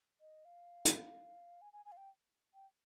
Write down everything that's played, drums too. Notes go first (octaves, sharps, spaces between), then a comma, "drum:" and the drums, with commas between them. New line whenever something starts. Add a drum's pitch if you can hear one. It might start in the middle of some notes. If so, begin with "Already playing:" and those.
D#5
F5
drum: hi-hat
G#5
G#5
G#5
F5
G5
G5